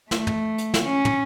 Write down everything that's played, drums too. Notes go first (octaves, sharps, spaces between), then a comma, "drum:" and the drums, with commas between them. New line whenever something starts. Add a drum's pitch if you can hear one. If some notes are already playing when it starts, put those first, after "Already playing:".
A3, drum: snare
drum: tom
drum: hi-hat
drum: snare
C#4
drum: tom